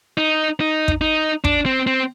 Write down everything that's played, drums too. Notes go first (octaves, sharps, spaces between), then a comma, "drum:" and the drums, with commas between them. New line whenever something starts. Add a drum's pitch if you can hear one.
D#4
D#4
drum: kick
D#4
D4, drum: kick
C4
C4